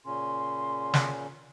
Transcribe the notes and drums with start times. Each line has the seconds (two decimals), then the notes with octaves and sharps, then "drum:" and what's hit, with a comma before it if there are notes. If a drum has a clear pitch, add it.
0.06 A#2 C#3 C#4 C6
0.94 drum: snare